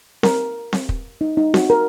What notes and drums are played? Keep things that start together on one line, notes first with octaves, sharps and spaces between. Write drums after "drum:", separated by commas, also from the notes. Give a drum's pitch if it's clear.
A#4, drum: snare C4
drum: snare C4
drum: kick
D#4
D#4
F#4, drum: snare C4
A#4